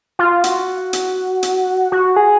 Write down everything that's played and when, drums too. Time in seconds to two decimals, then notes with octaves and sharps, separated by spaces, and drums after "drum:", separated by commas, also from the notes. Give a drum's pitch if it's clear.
0.19 F4
0.44 F#4, drum: hi-hat
0.93 drum: hi-hat
1.43 drum: hi-hat
1.92 F#4
2.16 G#4